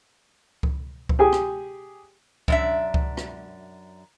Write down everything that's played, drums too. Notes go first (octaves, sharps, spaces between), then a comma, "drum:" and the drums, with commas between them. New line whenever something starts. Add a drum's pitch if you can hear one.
drum: kick C#2
drum: kick C#2
G4 G#4 G#5
drum: rim click
F#2 D4 E5, drum: kick C#2
drum: kick C#2
drum: rim click